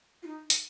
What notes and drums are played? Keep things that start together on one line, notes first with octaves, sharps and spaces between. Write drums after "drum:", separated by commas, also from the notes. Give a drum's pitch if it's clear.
F4
D#4
drum: hi-hat